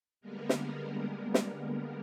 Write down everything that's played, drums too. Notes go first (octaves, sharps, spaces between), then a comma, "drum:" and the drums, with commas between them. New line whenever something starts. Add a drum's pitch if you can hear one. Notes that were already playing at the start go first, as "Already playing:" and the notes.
D3 G3 G#3 A#3 B3 A#4
drum: snare
drum: snare